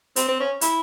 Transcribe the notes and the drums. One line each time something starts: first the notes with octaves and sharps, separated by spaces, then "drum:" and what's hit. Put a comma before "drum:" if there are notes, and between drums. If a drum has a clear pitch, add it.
C4, drum: hi-hat
C4
C#4
E4, drum: hi-hat